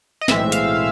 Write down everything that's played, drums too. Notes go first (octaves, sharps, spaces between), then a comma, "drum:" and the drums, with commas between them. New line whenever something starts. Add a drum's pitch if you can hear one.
D#5
B1 A2 E3 G#3 C4 E5, drum: snare
F5, drum: hi-hat